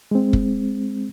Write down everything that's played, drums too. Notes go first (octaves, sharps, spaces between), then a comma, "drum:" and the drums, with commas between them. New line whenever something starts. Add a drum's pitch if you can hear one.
G#3 C4
drum: kick